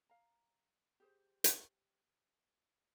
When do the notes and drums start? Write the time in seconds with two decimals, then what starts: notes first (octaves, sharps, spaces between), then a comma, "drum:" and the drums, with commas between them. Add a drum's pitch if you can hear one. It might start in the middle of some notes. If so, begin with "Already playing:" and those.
0.09 F5 A#5
1.00 G4 G#4 C5
1.44 drum: hi-hat